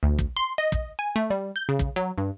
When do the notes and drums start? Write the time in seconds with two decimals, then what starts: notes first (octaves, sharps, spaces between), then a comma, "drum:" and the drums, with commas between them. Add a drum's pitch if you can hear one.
0.03 D2
0.19 drum: kick
0.37 C6
0.58 D#5
0.72 drum: kick
0.99 G#5
1.16 A3
1.30 G3
1.56 G6
1.69 C#3
1.79 drum: kick
1.96 F#3
2.18 G2